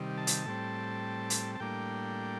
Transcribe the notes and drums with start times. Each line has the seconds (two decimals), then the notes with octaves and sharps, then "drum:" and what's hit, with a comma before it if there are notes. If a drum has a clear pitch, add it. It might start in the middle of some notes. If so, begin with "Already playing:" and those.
Already playing: C3 D#3 G3
0.18 A5
0.27 drum: hi-hat
0.46 A2 G3 C4
1.30 drum: hi-hat
1.55 A5
1.60 A2 G3 A#3 D4 G5